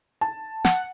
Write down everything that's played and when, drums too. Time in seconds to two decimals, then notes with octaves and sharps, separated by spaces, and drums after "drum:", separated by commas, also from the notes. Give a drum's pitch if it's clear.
0.21 A5
0.64 F#5, drum: snare